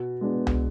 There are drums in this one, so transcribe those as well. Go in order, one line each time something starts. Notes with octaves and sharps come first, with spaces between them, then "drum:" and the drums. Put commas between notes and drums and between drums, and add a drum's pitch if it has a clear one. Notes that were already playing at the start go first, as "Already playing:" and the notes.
Already playing: B2
G#3 B3 D4
drum: tom C2